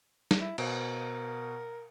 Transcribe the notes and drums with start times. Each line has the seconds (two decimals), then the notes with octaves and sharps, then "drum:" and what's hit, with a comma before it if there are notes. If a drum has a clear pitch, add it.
0.31 drum: snare
0.41 E4
0.58 B2 A#4 C5 D7, drum: cymbal